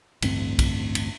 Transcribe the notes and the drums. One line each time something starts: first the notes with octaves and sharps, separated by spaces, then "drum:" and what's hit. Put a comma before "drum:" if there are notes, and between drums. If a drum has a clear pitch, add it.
A1 D2 G2 C4, drum: cymbal
drum: kick, cymbal
drum: cymbal